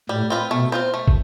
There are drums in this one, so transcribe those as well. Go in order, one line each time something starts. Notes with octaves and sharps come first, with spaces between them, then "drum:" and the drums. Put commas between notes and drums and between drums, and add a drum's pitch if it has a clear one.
A2 G3
C4 F4 B4
B2 A3
C4 F4 C5
A3
drum: kick